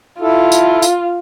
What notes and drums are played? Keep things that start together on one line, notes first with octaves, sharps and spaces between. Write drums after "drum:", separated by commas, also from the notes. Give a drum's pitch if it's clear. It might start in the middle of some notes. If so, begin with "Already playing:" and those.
E4 F4 A4
drum: tambourine
drum: tambourine